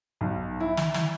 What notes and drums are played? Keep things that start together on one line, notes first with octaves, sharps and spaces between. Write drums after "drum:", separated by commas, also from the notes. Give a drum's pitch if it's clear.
B1
E4
drum: snare
drum: snare